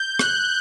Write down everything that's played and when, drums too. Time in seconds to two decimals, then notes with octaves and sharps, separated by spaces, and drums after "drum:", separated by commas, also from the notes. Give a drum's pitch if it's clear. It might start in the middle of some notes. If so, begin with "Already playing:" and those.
Already playing: G6
0.19 F#6, drum: rim click